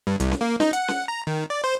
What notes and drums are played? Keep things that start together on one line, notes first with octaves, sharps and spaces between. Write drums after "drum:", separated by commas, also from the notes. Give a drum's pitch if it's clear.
G2
C2, drum: hi-hat
drum: snare C#4
A#3
D#4, drum: snare C#4
F#5, drum: hi-hat
drum: snare C#4
A#5
D#3
D5
C5